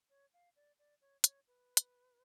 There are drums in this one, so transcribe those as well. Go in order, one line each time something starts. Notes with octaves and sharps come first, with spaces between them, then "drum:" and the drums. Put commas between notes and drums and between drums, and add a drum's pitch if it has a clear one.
C#5
F5
D5
D5
C#5
C#5, drum: hi-hat
B4
drum: hi-hat